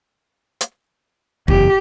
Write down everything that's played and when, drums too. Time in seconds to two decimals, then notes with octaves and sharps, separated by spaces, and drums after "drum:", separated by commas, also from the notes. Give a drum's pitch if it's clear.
0.61 drum: hi-hat
1.48 F#1 E2 G4, drum: kick